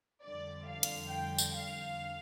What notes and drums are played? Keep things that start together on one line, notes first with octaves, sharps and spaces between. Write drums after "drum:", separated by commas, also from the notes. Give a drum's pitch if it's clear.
F2 D3 G3 D5
F5
drum: hi-hat
G5
drum: tambourine
F5